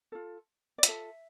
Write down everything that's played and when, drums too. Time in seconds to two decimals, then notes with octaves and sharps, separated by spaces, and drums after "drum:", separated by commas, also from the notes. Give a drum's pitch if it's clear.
0.12 F4 A4
0.78 D5
0.83 F4 A4 E5, drum: hi-hat